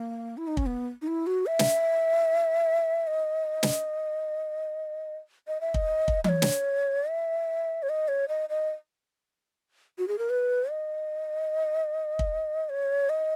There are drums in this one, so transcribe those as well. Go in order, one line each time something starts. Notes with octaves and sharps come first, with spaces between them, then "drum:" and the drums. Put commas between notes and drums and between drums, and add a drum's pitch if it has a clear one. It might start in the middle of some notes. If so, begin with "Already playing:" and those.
Already playing: A#3
E4
D#4
C#4, drum: kick
B3
D#4
E4
F#4
E5
drum: snare
D#5
drum: snare
D#5
E5
D#5, drum: kick
drum: kick
D#5, drum: tom E3
C#5
drum: snare
E5
C#5
D#5
C#5
D#5
D#5
F#4
G#4
A#4
B4
D#5
drum: kick
C#5
D#5